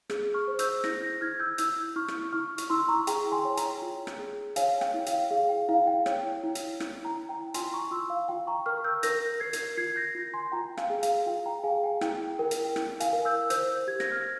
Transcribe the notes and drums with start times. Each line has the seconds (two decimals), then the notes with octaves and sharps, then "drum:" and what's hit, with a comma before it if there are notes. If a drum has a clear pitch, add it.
0.10 G#4, drum: rim click
0.34 C#6 F6
0.48 C5
0.59 E6 G6, drum: hi-hat
0.84 E4 G6 A#6, drum: rim click
1.02 G6 A#6
1.21 E4 F6 G#6
1.40 E6 G6
1.58 E4 E6 G6, drum: hi-hat
1.96 E4 C#6 F6
2.08 drum: rim click
2.33 E4 C#6 F6
2.58 drum: hi-hat
2.70 E4 C6 E6
2.88 A#5 C#6
3.07 G#4 G5 A#5, drum: hi-hat
3.32 G#5 C6
3.45 C#5
3.57 G5 A#5, drum: hi-hat
3.82 F4
4.07 drum: rim click
4.19 G#4
4.56 C#5 F5 G#5, drum: hi-hat
4.81 G5, drum: rim click
4.94 E4
5.06 F5, drum: hi-hat
5.31 G#4 F5
5.49 G5
5.68 E4 F5
5.87 G5
6.06 C#5, drum: rim click
6.43 E4
6.55 drum: hi-hat
6.80 E4, drum: rim click
7.05 G5 A#5
7.17 E4
7.29 G5 A#5
7.54 F4 G#5 C6, drum: hi-hat
7.73 A#5 C#6
7.91 F4 C6 E6
8.10 F5
8.28 F4 G5
8.47 A#5 C#6
8.66 A#4 C#6 F6
8.84 E6 G6
9.03 A#4 G6 A#6, drum: hi-hat
9.40 A#4 G#6 C7
9.53 drum: hi-hat
9.77 F4 G#6 C7
9.96 G6 A#6
10.15 F4
10.34 G#5 C6
10.52 F4 G5 A#5
10.77 F5 G#5, drum: rim click
10.90 G#4
11.03 F5, drum: hi-hat
11.26 F4 G5
11.46 G5 A#5
11.64 G#4 F5 G#5
11.83 G5
12.01 E4 G5, drum: rim click
12.39 A#4 G5
12.51 drum: hi-hat
12.76 E4, drum: rim click
13.00 F5 G#5, drum: hi-hat
13.13 A#4
13.25 E6 G6
13.50 C5 E6 G6, drum: hi-hat
13.87 G4 G#6
14.00 A#6, drum: rim click
14.10 F6 G#6